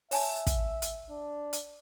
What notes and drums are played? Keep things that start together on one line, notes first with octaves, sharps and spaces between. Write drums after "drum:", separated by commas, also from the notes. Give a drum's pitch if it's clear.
C#5 E5 G#5 A5, drum: open hi-hat
drum: kick, hi-hat
drum: hi-hat
D4
drum: hi-hat